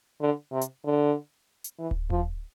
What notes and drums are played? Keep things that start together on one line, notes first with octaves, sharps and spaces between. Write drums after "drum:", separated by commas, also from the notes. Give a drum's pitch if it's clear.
D3
C3
drum: hi-hat
D3
drum: hi-hat
E3
drum: kick D1
F3, drum: tom D#2